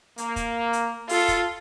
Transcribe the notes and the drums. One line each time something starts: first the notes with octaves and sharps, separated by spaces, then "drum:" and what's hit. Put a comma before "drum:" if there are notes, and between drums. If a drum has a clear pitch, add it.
A#3, drum: hi-hat
drum: kick, hi-hat
drum: hi-hat
F4 A4, drum: open hi-hat
drum: kick, hi-hat